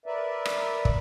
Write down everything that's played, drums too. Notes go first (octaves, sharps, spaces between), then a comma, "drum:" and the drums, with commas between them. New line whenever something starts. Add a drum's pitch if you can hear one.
A#4 B4 D5 E5
drum: rim click
drum: kick